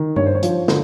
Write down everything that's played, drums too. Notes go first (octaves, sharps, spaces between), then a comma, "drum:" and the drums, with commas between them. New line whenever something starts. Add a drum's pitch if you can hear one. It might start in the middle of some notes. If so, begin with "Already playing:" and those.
Already playing: D#3
G2 C#5, drum: tom G2
C5
C#5
F3, drum: hi-hat
D3, drum: snare